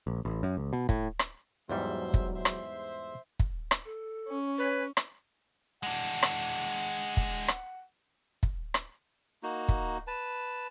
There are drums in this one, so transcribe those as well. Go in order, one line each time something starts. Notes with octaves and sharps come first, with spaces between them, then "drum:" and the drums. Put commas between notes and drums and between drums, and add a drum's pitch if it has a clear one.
A#1
A1
F#2
C#2
B2
A2, drum: kick
drum: rim click
E2 G#2 F#3 G3 C5 E5
drum: kick
C5 E5
drum: rim click
drum: kick
drum: rim click
A4
C#4
B4 C#5
drum: rim click
G#3 D4 F#5
drum: rim click
drum: kick
drum: rim click
drum: kick
drum: rim click
A#3 D#4 F#4
drum: kick
B4 A5